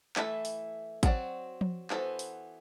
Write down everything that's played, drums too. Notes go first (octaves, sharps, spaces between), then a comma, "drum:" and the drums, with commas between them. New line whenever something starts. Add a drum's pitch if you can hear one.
E3 A3 E4 A4 E5, drum: clap
drum: open hi-hat
F#3 C4 F#4 A4 D5, drum: kick, hi-hat
drum: tom F3
E3 B3 F#4 A4 C5, drum: clap
drum: open hi-hat